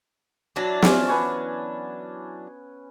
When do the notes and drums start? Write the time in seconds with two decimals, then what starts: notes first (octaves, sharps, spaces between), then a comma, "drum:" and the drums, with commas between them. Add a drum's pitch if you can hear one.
0.56 E3 F#3 D4
0.82 F3 C#4, drum: snare
1.08 B3 G#5 C#6